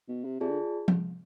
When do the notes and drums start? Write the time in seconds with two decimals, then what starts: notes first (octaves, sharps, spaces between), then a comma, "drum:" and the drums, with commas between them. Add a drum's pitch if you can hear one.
0.08 B2
0.24 C3
0.40 C3 F4 G#4 D5 A5
0.49 D3
0.88 drum: tom F3